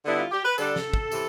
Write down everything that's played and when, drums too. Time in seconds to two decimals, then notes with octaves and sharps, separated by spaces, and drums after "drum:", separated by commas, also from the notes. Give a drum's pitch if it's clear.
0.05 D3 G3 B3 E4 A4
0.19 F4
0.32 G4
0.45 B4
0.58 D3 G3 D4 A4, drum: tambourine
0.76 drum: snare
0.94 drum: kick
1.12 C3 E3, drum: tambourine